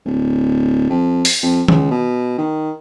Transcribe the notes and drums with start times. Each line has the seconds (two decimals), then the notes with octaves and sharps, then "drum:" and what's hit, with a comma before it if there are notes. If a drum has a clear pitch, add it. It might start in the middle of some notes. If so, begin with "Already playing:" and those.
0.06 D1
0.89 F2
1.25 drum: open hi-hat
1.43 F2
1.68 C#2, drum: tom D#3
1.91 B2
2.38 D#3